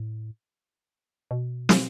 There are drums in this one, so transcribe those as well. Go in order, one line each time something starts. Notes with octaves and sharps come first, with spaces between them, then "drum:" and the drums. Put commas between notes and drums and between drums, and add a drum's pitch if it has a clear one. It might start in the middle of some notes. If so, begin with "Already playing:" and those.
Already playing: A2
B2
drum: snare